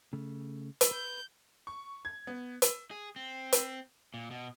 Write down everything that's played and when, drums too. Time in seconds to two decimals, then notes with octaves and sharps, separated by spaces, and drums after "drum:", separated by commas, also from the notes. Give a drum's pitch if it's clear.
0.13 C#3 A3
0.81 drum: hi-hat
0.91 B4 G6
1.67 C#6
2.05 G#6
2.27 B3
2.62 drum: hi-hat
2.91 G#4
3.16 C4
3.52 drum: hi-hat
4.14 A#2
4.31 B2